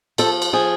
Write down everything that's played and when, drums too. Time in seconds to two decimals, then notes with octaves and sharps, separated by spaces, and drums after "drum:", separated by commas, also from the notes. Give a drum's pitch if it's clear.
0.18 F3 A4, drum: cymbal
0.42 drum: cymbal
0.53 F3 G#4